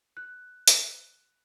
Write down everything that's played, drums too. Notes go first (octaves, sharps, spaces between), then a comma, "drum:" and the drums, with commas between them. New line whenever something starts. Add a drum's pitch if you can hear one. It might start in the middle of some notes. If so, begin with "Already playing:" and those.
F#6
drum: hi-hat